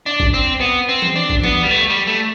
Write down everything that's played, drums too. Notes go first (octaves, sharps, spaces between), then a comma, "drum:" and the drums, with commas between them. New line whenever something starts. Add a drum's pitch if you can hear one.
D4
drum: kick G#1
C4
B3
C4
drum: tom E3
D4
drum: kick G#1
B3, drum: tom E3
G3
A3
G3
A3